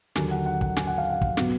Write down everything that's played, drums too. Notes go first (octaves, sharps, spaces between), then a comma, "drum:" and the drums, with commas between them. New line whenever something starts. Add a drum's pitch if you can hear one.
D#2 D3 F#3 G#5, drum: snare
F#5
F#5
F#5, drum: kick
G#5, drum: snare
F#5
F5
F#5
drum: kick
B2 F#3 B3, drum: snare